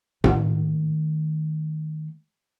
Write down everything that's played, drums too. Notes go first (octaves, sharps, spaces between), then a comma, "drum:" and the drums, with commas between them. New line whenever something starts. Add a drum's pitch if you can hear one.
D#3 A3, drum: tom A2